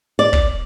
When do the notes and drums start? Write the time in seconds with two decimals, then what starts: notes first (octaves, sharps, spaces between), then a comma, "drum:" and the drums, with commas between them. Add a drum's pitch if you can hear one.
0.19 D5
0.33 drum: kick